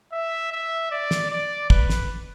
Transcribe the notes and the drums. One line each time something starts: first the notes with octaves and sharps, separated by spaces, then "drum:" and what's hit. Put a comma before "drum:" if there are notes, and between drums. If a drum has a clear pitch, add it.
E5
E5
D5
drum: snare
D5
B4, drum: kick
drum: snare